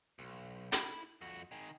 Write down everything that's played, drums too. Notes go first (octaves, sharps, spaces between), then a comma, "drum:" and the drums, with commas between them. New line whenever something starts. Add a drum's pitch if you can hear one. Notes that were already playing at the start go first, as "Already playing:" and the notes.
B1
E4 B5, drum: hi-hat
F2 F#4
D#3 G#4